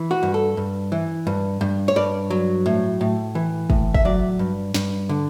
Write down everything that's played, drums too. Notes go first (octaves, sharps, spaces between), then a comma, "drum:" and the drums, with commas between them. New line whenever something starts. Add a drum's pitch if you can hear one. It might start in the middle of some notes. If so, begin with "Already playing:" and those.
Already playing: E3
F#4
G2
A4
G2
E3
G2
G2
C#5
G2 D5
F#3
A2
A2
E3
A2, drum: kick
E5, drum: kick
F#3 D5
G2
G2, drum: snare
D3